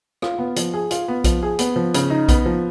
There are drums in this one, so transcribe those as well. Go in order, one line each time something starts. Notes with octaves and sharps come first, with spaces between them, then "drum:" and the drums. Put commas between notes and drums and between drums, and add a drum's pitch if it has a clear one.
F4, drum: rim click
B3
F3, drum: hi-hat
G#4
F4, drum: hi-hat
B3
F3, drum: kick A#1, hi-hat
G#4
B3, drum: hi-hat
F3
C#3, drum: hi-hat
D#4
B3, drum: kick A#1, hi-hat
F3